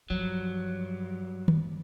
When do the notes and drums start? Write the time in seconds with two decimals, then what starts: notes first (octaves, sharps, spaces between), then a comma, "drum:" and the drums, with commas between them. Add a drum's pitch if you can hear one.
0.10 G2 F3 F#3
1.48 drum: tom D#3